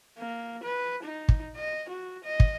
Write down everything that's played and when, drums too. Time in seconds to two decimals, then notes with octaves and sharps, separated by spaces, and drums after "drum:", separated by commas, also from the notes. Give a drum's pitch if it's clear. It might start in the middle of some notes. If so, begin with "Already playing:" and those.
0.18 A#3
0.63 B4
1.03 D#4
1.29 drum: kick
1.56 D#5
1.89 F#4
2.24 D#5
2.40 drum: kick